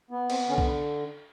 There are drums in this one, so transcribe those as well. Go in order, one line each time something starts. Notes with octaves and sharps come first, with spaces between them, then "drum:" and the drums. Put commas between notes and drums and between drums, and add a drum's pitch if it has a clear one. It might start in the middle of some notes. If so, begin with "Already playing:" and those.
B3
C4, drum: cymbal
D3 C#4
drum: kick B1